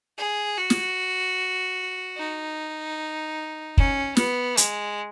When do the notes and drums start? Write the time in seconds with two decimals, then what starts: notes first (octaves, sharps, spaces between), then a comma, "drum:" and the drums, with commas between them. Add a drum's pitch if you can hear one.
0.18 G#4
0.58 F#4
0.70 drum: snare
2.17 D#4
3.77 C#4, drum: kick
4.17 B3, drum: snare
4.57 G#3, drum: hi-hat